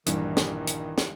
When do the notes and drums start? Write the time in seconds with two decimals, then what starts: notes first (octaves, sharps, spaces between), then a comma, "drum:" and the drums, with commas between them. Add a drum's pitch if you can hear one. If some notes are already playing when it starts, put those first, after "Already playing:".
0.06 A#1 G2 D#3 E3, drum: hi-hat
0.37 drum: snare
0.67 drum: hi-hat
0.98 drum: snare